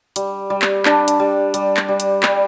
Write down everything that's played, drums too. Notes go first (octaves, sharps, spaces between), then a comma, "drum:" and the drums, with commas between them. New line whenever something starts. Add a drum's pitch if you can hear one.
G3, drum: hi-hat
G3
drum: clap
D4, drum: clap
drum: hi-hat
G3
G3, drum: hi-hat
drum: clap
G3
drum: hi-hat
G3, drum: clap